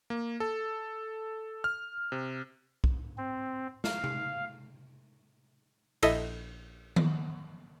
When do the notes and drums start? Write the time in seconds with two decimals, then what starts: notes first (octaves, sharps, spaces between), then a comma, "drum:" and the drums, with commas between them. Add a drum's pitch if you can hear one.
0.10 A#3
0.40 A4
1.64 F6
2.12 C3
2.84 drum: kick
3.18 C4
3.84 F5, drum: snare
4.04 drum: tom C3
6.03 A#1 E4 A4 D#5 E5, drum: cymbal
6.96 drum: tom D#3